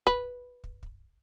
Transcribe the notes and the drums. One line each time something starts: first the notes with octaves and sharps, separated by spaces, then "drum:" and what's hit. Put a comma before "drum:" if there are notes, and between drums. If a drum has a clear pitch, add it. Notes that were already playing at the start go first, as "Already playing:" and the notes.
B4, drum: kick
drum: kick
drum: kick